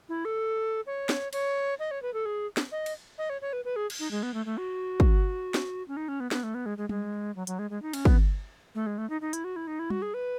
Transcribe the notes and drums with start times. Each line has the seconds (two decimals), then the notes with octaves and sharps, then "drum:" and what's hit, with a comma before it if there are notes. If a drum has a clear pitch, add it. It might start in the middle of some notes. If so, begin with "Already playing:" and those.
0.09 E4
0.25 A4
0.87 C#5
1.09 drum: snare
1.33 C#5, drum: cymbal
1.79 D#5
1.91 C#5
2.02 B4
2.14 A4
2.26 G#4
2.57 drum: snare
2.72 D#5
2.86 drum: cymbal
3.18 D#5
3.30 C#5
3.41 C#5
3.53 B4
3.65 B4
3.76 G#4
3.90 drum: cymbal
3.99 D#4
4.11 G#3
4.23 B3
4.34 A3
4.46 A3
4.58 F#4
5.00 drum: kick
5.54 drum: snare
5.88 C#4
5.97 D#4
6.08 C#4
6.20 B3
6.31 B3, drum: snare
6.43 A3
6.54 B3
6.66 G#3
6.78 G#3
6.89 G#3, drum: tom G3
7.36 F#3
7.47 F#3, drum: hi-hat
7.59 G#3
7.70 G#3
7.82 D#4
7.93 C#4, drum: cymbal
8.05 B3, drum: kick
8.75 A3
8.86 G#3
8.98 A3
9.10 D#4
9.21 D#4
9.33 E4, drum: hi-hat
9.44 F#4
9.56 E4
9.67 D#4
9.79 E4
9.90 F#4, drum: tom G3
10.02 G#4
10.14 B4